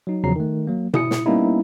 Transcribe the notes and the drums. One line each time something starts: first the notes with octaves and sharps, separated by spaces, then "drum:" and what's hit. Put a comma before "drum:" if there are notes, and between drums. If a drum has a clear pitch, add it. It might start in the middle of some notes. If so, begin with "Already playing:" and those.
F#3 D#4
E2 C#3 F3 F#3 A#5 C7
D#3 A3
F#3 A#3
E4 D#6 C#7, drum: tom B2
drum: snare
G3 A#3 B3 C#4 D#4 E4